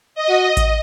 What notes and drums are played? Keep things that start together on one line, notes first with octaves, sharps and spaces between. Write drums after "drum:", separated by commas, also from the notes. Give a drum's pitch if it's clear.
D#5
F#4
drum: kick A1, hi-hat